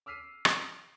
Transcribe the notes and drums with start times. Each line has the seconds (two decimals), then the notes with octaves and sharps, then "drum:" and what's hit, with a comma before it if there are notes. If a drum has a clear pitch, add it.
0.06 D6 E6 F6 B6 C7 D#7
0.45 drum: rim click